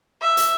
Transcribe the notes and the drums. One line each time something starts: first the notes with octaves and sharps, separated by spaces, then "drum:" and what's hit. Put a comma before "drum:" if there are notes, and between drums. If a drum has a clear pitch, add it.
E5
drum: hi-hat